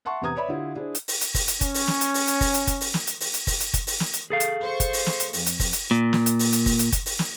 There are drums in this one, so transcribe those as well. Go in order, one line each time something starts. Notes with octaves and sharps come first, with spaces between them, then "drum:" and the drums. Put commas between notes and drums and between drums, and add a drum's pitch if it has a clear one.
E5 F#5 A5 C6 C#6
E2 C3 B3 A#5 D#6 G#6
B4 C#5 D5 E5 B5
D3 E4 F4 G4
D4 E4 G#4 C5
drum: hi-hat
drum: open hi-hat
drum: hi-hat
drum: kick F#1, open hi-hat
drum: hi-hat
C#4, drum: kick F#1, hi-hat
drum: open hi-hat
drum: snare
drum: hi-hat
drum: open hi-hat
drum: hi-hat
drum: kick F#1, open hi-hat
drum: hi-hat
drum: kick F#1, hi-hat
drum: open hi-hat
drum: snare
drum: hi-hat
drum: open hi-hat
drum: hi-hat
drum: kick F#1, open hi-hat
drum: hi-hat
drum: kick F#1, hi-hat
drum: open hi-hat
drum: snare
drum: hi-hat
G#4 A4 F5
drum: hi-hat
C5 C#6
drum: kick F#1, hi-hat
drum: open hi-hat
drum: snare
drum: hi-hat
F2, drum: open hi-hat
drum: hi-hat
drum: kick F#1, open hi-hat
drum: hi-hat
A#2
drum: snare
drum: hi-hat
drum: open hi-hat
drum: hi-hat
drum: kick F#1, open hi-hat
drum: hi-hat
drum: kick F#1, hi-hat
drum: open hi-hat
drum: snare